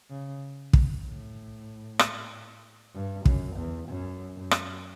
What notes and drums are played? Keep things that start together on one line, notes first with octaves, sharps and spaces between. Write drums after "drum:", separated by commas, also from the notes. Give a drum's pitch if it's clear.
C#3
drum: kick
A2
drum: rim click
G2
F#2, drum: kick
E2
F#2
F#2
drum: rim click